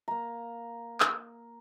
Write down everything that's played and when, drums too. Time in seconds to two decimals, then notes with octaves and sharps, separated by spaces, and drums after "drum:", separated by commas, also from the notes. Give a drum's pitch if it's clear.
0.08 A#3 A#5
1.00 drum: clap